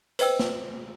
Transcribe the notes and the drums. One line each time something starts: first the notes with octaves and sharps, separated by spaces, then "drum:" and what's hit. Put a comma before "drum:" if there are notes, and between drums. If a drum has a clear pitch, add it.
B4 C5 D#5 G5 E6, drum: hi-hat
drum: snare